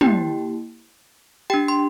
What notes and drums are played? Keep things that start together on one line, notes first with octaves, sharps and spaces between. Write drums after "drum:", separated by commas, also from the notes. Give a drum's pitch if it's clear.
A#3 E4 G4 G5, drum: tom
D4 G4 G5
C6